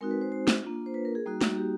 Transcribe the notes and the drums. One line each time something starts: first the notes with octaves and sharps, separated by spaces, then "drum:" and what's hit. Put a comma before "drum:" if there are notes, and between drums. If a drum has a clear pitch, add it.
G#3 C4 D#4 F#4 A#4
B4
C5
C5
drum: snare
A#3 D4 F4
C5
B4
A#4
G#4
G3 A#3 D#4 F#4
drum: snare
G4